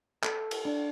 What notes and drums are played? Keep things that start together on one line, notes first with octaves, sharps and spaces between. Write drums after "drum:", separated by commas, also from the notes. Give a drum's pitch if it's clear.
A4, drum: clap
drum: cymbal
D4